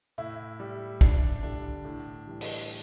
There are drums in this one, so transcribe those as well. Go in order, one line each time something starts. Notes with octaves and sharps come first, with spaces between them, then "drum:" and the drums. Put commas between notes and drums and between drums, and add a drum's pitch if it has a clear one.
A2 E4
G3
G2 D4, drum: kick
D3 G3 D4
A2
E3 G3
drum: open hi-hat